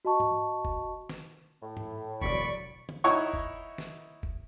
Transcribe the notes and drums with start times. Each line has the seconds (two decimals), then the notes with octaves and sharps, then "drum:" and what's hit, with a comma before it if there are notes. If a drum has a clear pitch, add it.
0.05 F#4 D#5 A5 C#6
0.20 drum: tom G#2
0.65 drum: kick F1
1.10 drum: snare
1.63 A2
1.77 drum: tom G#2
2.22 E1 B2 D3 F#3 D5 B5 C#6, drum: kick F1
2.89 drum: tom D3
3.04 D#4 E4 C#5 D#5 F#5 C#6
3.34 drum: kick F1
3.78 drum: snare
4.23 drum: kick F1